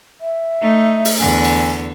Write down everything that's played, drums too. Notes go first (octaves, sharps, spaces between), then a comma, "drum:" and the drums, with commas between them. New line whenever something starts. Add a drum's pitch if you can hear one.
E5
A3 D#4
drum: open hi-hat
E2 D3 G#5
drum: cymbal